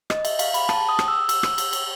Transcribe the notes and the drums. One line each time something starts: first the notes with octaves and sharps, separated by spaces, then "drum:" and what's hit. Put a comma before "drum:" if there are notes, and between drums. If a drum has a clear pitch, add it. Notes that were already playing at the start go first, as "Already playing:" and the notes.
D#5, drum: rim click
E5, drum: cymbal
F5, drum: cymbal
B5, drum: cymbal
A5, drum: rim click
D#6
drum: rim click
E6
E6, drum: cymbal
drum: rim click
drum: cymbal
drum: cymbal